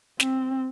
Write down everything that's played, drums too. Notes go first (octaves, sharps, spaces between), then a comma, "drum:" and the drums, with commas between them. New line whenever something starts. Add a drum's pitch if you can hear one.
C4, drum: snare